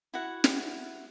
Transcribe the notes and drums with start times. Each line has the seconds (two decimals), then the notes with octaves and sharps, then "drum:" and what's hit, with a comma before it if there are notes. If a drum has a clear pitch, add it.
0.14 E4 F#4 F#5
0.44 drum: snare